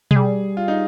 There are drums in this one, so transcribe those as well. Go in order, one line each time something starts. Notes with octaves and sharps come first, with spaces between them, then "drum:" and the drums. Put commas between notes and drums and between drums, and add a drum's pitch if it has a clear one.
G#3, drum: tom B2
G3 G#4
F4
D#4